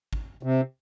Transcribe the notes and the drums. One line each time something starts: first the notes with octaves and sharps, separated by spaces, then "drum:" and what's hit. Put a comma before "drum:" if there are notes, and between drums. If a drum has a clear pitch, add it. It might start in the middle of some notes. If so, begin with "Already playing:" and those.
drum: kick G#1
C3